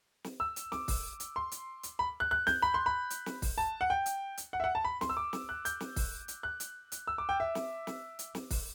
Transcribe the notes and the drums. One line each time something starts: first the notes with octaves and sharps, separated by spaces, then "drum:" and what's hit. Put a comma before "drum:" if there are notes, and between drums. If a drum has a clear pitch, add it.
drum: snare
E6
drum: hi-hat
D6, drum: snare
drum: kick, open hi-hat
drum: hi-hat
C6
drum: hi-hat
drum: hi-hat
B5
F#6
F#6
G6, drum: snare
B5
C6
B5
drum: hi-hat
drum: snare
drum: kick, open hi-hat
A5
F#5
G5
drum: hi-hat
drum: hi-hat
F#5
E5
F#5
A5
B5
C6, drum: snare
E6
D6
drum: snare
F#6
G6, drum: hi-hat
drum: snare
drum: kick, open hi-hat
drum: hi-hat
F#6
drum: hi-hat
drum: hi-hat
E6
D6
G5
E5
drum: snare
drum: snare
drum: hi-hat
drum: snare
drum: kick, open hi-hat